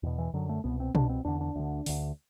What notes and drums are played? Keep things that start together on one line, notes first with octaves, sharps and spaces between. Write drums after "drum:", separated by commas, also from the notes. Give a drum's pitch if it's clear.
E2 B2
E3
F#2 D3 F#3
A3
C2 B2 B3
C4
C2 B2 D4, drum: tom B2
C4
E2 D3 D4
D4
D2 D3
D2 D3, drum: open hi-hat